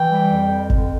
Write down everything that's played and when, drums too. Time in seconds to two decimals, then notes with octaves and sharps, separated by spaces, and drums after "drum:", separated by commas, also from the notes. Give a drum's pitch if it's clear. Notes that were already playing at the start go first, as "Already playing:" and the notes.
Already playing: E3 G5
0.09 G3
0.30 F2
0.50 F2
0.70 D3, drum: kick G1